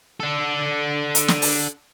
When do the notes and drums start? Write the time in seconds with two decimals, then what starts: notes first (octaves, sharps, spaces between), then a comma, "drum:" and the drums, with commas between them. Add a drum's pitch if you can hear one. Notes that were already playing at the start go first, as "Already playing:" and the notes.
0.20 D4 A4
1.15 drum: hi-hat
1.28 drum: snare
1.42 drum: open hi-hat